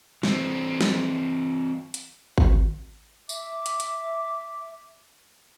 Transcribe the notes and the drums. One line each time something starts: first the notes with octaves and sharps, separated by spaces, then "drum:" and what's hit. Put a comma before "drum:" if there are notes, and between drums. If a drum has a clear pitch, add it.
E3 C4, drum: snare
drum: snare
drum: hi-hat
drum: kick G#1
E5 D6, drum: tambourine
drum: hi-hat
drum: hi-hat